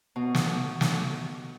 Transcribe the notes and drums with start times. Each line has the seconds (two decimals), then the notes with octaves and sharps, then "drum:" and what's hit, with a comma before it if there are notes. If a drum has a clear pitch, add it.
0.16 B2
0.35 drum: snare
0.81 drum: snare